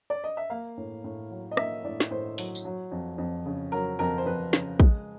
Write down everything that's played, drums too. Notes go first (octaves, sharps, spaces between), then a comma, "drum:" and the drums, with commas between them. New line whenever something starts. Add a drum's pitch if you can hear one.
D5
D#5
E5
A#3 F5
A2
A2
F#3
D#5
A#3 E5, drum: rim click
A2 D5
drum: snare
A2 C5
F#3, drum: open hi-hat
drum: tambourine
F#3
F2
F2
C#3
F#3 A#4
F2 A#4
C5
F2 B4
C#3, drum: snare
G#3, drum: kick